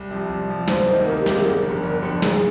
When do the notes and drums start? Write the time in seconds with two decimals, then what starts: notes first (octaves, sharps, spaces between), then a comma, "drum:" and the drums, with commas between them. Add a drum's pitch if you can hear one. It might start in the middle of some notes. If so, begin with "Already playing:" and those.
Already playing: C2
0.11 C3 F3
0.30 C2
0.49 C3 F3
0.68 D2 C5, drum: snare
0.87 C3 D#3 A#3 D#4
1.06 D2 A#4
1.20 G4
1.26 C3 D#3 A#3 D#4, drum: snare
1.33 G#4
1.45 G1 A#4
1.64 F2 D3
1.83 G1
2.03 F2 D3
2.22 A#2 G#4, drum: snare